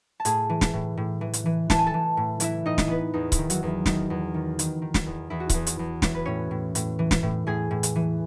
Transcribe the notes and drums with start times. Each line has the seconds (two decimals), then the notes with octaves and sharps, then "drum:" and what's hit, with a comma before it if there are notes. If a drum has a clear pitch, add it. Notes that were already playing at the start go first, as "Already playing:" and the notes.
0.20 A5
0.25 A2 G#4 G#5, drum: hi-hat
0.50 E3
0.61 drum: snare
0.73 A2
0.97 A2
1.21 E3
1.33 drum: hi-hat
1.46 E3
1.70 E3 A5, drum: snare
1.78 G#5
1.86 A4 A5
1.94 E3
2.17 A2
2.40 E3 E4 E5, drum: hi-hat
2.66 A2 D#4 D#5
2.78 drum: snare
2.88 E3 B3 B4
3.14 E2 D#4
3.32 E4, drum: kick C#1, hi-hat
3.38 D#3
3.50 F#3 F#4, drum: hi-hat
3.63 E2 E4
3.86 D#3 D#4, drum: snare
4.10 E2
4.34 D#3
4.59 D#3, drum: hi-hat
4.82 D#3
4.94 drum: snare
5.06 E2
5.30 E2 E4
5.40 F#4
5.50 E2 E4, drum: kick C#1, hi-hat
5.67 drum: hi-hat
5.79 E2
6.02 E3 C#5, drum: snare
6.15 B4
6.25 A2 C#4 C#5
6.51 A2
6.75 A2, drum: hi-hat
6.99 E3
7.11 drum: snare
7.23 A2
7.47 A2 G#4 G#5
7.71 A2
7.83 drum: hi-hat
7.96 E3